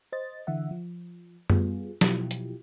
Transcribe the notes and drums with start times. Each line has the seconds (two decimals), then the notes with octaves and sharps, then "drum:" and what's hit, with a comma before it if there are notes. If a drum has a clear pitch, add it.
0.12 C5 D#5 A6
0.47 D3 E3 E5 F#5
0.71 F3
1.50 G3 B3 F4 G#4, drum: tom F#2
2.01 B2 F3 F#3 E4 F4 G4, drum: snare
2.31 drum: hi-hat